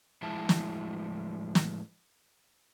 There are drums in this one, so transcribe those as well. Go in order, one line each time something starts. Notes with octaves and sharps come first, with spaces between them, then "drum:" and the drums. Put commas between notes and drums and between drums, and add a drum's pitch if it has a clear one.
A2 F3 G#3 E4 E5 A5
drum: snare
drum: snare